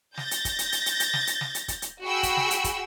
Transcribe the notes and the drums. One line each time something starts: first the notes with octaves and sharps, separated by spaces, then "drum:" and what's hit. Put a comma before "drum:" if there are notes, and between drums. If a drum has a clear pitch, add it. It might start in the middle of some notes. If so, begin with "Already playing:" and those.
G6 A6 A#6, drum: snare
drum: hi-hat
drum: kick, hi-hat
drum: hi-hat
drum: hi-hat
drum: hi-hat
drum: hi-hat
drum: snare
drum: hi-hat
drum: snare
drum: hi-hat
drum: kick, hi-hat
drum: hi-hat
F#4 G#4 G5 B5 E6
drum: kick, hi-hat
drum: snare
drum: hi-hat
drum: kick, hi-hat